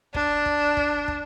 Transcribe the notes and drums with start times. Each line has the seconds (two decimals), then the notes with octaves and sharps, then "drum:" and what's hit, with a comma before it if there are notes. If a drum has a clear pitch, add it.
0.15 D4, drum: kick
0.46 drum: kick
0.77 drum: kick
1.08 drum: kick